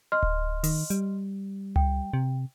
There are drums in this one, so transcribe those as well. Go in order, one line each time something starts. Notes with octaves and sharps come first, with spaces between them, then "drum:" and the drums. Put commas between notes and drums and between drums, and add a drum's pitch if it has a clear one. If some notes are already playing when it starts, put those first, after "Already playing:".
D#5 C6 F6
drum: kick D1
D#3, drum: open hi-hat
G3, drum: hi-hat
G5, drum: tom C#2
C3